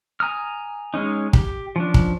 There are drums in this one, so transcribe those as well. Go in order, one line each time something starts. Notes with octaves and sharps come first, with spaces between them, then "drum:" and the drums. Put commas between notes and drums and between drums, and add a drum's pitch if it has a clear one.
G#5 A#5 D#6 F6
G#3 C#4 D#4
G4, drum: kick
F3 C#4 D4
drum: kick